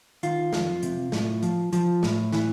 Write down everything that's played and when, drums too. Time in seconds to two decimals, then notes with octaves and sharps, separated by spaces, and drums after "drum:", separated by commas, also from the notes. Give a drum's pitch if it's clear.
0.23 D#3 F4, drum: hi-hat
0.53 F2, drum: snare
0.83 C3, drum: hi-hat
1.12 A2, drum: snare
1.42 F3, drum: hi-hat
1.73 F3, drum: hi-hat
2.03 A2, drum: snare
2.32 E3, drum: snare